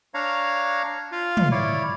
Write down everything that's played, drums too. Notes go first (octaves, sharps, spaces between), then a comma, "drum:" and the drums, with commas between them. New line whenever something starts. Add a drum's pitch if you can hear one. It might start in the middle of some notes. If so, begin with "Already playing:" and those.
D4 C#5 F5 A#5
F4 F5
drum: tom
E4 C#5 D5